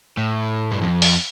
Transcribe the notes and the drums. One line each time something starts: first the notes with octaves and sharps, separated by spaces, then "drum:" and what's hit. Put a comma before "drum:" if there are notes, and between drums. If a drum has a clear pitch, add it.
A2
G2
F2
drum: open hi-hat